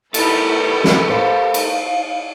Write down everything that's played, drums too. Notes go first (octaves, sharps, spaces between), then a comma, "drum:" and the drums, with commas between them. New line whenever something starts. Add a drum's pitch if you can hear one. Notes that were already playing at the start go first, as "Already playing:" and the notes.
A3 B3 E4 G4 A4 A#4, drum: cymbal
drum: snare
C5 F5
drum: cymbal